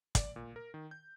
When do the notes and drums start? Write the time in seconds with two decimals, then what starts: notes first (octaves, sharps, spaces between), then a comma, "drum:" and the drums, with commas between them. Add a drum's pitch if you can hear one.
0.15 D5, drum: kick, hi-hat
0.36 A#2
0.56 A#4
0.74 D#3
0.91 G6